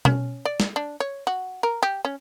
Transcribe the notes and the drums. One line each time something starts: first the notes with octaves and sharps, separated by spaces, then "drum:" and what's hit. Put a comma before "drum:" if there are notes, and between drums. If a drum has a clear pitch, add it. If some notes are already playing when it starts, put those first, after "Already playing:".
C#4, drum: tom B2
D5
drum: snare
D4
C#5
F#4
A#4
G4
C#4